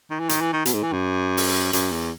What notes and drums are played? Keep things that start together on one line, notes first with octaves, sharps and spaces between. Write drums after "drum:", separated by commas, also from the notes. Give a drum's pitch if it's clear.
D#3
E3
D#3, drum: hi-hat
E3
D#3
B2, drum: hi-hat
G#2
E3
F#2
drum: open hi-hat
F#2, drum: hi-hat
E2